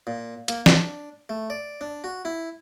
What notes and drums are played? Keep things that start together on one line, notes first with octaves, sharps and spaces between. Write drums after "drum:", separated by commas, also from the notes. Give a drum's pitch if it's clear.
A#2
A#3, drum: hi-hat
D4, drum: snare
A3
D5
D4
F#4
E4